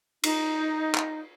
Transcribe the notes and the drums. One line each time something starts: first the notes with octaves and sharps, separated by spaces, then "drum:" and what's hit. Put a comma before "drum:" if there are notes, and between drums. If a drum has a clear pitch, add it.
D#4, drum: cymbal
drum: clap